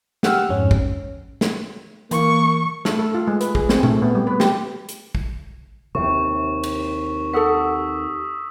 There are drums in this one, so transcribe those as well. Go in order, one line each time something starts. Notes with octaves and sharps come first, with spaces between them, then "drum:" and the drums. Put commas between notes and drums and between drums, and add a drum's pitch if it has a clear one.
G4 F#5 E6 F6, drum: snare
F2 G#2 C#4
drum: kick
drum: snare
E3 A#3 C#6, drum: hi-hat
A3, drum: snare
A4
F4
G#3
B4, drum: hi-hat
G#4, drum: kick
C4, drum: snare
A3, drum: tom A#2
B3
G3
B4
G4, drum: snare
drum: hi-hat
drum: kick
D#2 C3 C#6
drum: cymbal
A4 F#5 D#6 E6 B6